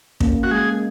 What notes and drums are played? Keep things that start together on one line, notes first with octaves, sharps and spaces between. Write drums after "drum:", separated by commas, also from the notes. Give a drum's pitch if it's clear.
A#3 C#4, drum: kick
F#4
G#3 G#4